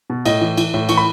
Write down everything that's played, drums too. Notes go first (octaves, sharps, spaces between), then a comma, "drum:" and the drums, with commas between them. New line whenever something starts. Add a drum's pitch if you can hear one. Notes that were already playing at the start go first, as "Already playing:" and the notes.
B2
A2 D#5, drum: cymbal
E3
E3, drum: cymbal
A2
E3 C#6, drum: cymbal
B5